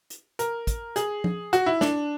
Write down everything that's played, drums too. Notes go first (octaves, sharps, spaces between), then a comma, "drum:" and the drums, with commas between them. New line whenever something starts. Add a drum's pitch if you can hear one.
drum: hi-hat
A#4, drum: hi-hat
drum: kick, hi-hat
G#4, drum: hi-hat
drum: tom F3
F#4, drum: hi-hat
E4
D4, drum: snare